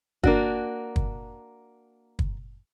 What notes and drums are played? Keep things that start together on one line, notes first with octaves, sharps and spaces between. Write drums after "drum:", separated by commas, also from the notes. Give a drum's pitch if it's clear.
A#3 D4 F#4, drum: kick
drum: kick
drum: kick